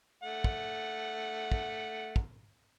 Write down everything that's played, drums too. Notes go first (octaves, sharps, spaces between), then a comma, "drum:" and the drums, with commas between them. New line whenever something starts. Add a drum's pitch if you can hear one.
A3 F#5
drum: kick
drum: kick
drum: kick